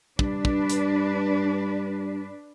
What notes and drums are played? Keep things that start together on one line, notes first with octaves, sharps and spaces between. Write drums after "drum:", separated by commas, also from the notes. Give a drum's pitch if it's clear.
G2 D4 B4, drum: kick
drum: kick
drum: hi-hat